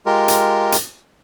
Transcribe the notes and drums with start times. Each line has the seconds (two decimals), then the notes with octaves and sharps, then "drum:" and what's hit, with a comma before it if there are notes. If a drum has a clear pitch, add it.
0.06 G#3 F4 G4 A#4
0.28 drum: hi-hat
0.72 drum: hi-hat